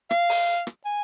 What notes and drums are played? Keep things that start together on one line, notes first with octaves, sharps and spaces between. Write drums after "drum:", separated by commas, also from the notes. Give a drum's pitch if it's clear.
F5, drum: rim click
drum: open hi-hat
drum: rim click
G#5